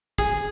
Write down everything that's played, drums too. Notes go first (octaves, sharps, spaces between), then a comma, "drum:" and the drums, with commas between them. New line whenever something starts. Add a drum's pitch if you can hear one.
G#4, drum: kick, tambourine